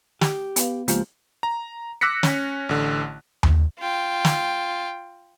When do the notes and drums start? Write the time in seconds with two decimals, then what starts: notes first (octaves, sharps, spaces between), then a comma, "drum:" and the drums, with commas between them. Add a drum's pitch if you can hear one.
0.21 G4, drum: snare
0.56 B3 B4 F5, drum: hi-hat
0.88 C#2 F3 G#3 A#3 G4, drum: hi-hat
1.43 A#5
2.01 D6 E6 F#6 A#6 B6 C#7
2.23 C#4, drum: snare
2.69 A1 D3
3.43 drum: tom D#2
3.79 F4 G5
4.25 drum: snare